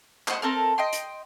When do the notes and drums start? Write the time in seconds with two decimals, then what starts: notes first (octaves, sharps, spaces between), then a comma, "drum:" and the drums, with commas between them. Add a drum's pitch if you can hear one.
0.28 C5 D#5 F#5, drum: clap
0.42 C4 A4 A#4
0.78 D#5 G5 C6
0.93 drum: hi-hat